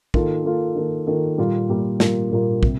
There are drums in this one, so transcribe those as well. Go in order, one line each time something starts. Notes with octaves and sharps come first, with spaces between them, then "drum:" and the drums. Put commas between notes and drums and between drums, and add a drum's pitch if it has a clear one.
D#3 A#3 F4 A4, drum: kick
D#3 A#3 F4 A4
D#3 A#3 F4 A4
D#3 A#3 F4 A4
A#2 G3 A#3 F4 A#4
A#2 G3 A#3 F4 A#4
A#2 G3 A#3 F4 A#4, drum: snare
A#2 G3 A#3 F4 A#4
C3, drum: kick